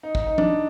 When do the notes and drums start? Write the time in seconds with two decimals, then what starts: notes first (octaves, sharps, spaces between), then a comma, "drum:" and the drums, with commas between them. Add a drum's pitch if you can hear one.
0.03 D#4
0.15 D#4, drum: kick
0.27 D#4
0.38 D4, drum: tom F3